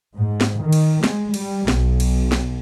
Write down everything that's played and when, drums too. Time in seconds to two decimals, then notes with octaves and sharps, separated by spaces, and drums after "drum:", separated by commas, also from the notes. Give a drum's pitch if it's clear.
0.15 G#2
0.41 drum: snare
0.61 D#3
0.73 drum: cymbal
1.04 G#3, drum: snare
1.34 G3, drum: cymbal
1.68 B1, drum: snare
2.00 drum: cymbal
2.32 drum: snare